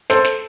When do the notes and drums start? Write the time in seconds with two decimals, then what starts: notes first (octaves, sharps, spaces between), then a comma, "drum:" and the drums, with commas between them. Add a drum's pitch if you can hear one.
0.10 A4 C5, drum: snare
0.24 drum: snare